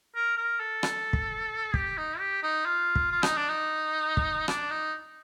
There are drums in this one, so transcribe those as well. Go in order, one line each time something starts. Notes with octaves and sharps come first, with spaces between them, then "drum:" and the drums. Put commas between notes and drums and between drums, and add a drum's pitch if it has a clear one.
A#4
A#4
A4
drum: rim click
drum: kick
G4, drum: kick
D#4
G4
D#4
F4
drum: kick
F4
D#4, drum: rim click
D4
D#4
drum: kick
D4, drum: rim click
D#4